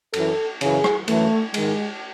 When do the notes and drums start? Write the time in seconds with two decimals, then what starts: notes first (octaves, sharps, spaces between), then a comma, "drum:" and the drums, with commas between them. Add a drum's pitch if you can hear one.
0.14 F#2 E3 A4, drum: cymbal
0.61 F#2 C#3 E3 G#4, drum: cymbal
0.84 drum: rim click
1.08 F#2 E3 A3, drum: cymbal
1.54 G#2 D#3 G#3, drum: cymbal